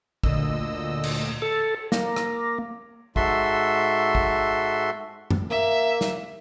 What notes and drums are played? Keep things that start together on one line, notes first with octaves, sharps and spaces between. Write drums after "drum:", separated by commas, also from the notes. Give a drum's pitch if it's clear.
D2 A#2 D3 D#5 E6, drum: kick
drum: cymbal
A4
A#3, drum: snare
drum: rim click
G#2 F#4 A4 E5 C6, drum: kick
drum: kick
drum: tom F#2
A#3 E5
drum: snare